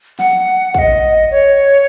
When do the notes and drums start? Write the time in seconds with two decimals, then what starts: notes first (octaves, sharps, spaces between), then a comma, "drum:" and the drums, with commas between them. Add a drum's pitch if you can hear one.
0.19 F#5, drum: snare
0.74 F#5, drum: kick
0.79 D#5
1.31 C#5